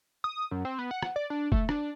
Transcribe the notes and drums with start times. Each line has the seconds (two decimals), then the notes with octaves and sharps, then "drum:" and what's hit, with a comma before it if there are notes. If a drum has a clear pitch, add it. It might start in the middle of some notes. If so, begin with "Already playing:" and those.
0.24 D#6
0.51 F#2
0.65 C4
0.79 B3
0.91 F#5
1.02 drum: rim click
1.16 D5
1.30 D4
1.52 A3, drum: kick F1
1.69 D4, drum: rim click